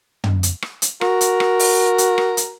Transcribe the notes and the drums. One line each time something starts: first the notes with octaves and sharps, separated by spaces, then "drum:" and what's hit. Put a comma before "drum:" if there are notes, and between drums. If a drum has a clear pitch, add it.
drum: tom
drum: hi-hat
drum: rim click
drum: hi-hat
F#4 A#4, drum: rim click
drum: hi-hat
drum: rim click
drum: open hi-hat
drum: hi-hat
drum: rim click
drum: hi-hat